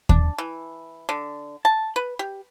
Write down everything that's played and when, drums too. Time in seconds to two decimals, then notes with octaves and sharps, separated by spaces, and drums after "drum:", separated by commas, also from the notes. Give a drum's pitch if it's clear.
0.09 D4, drum: kick D#2
0.38 E3
1.09 D3
1.65 A5
1.96 B4
2.19 G4